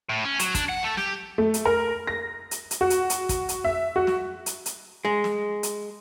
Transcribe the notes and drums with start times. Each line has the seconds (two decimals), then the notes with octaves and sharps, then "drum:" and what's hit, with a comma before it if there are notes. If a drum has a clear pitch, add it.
0.09 A2
0.25 C#4
0.39 F#3, drum: hi-hat
0.55 D4, drum: kick, hi-hat
0.69 F#5
0.84 A3
0.97 G4, drum: snare
1.38 A3
1.54 drum: hi-hat
1.65 A#4
2.07 A#6
2.51 drum: hi-hat
2.71 drum: hi-hat
2.81 F#4
2.90 drum: hi-hat
3.10 drum: hi-hat
3.29 drum: kick, hi-hat
3.49 drum: hi-hat
3.64 E5
3.96 F#4
4.07 drum: snare
4.46 drum: hi-hat
4.66 drum: hi-hat
5.05 G#3
5.24 drum: snare
5.63 drum: hi-hat